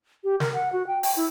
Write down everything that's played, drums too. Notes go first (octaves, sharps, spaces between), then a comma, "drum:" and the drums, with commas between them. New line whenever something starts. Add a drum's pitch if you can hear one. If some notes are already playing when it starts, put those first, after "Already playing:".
G4
A#4, drum: snare
F#5
F#4
G5
G5, drum: open hi-hat
E4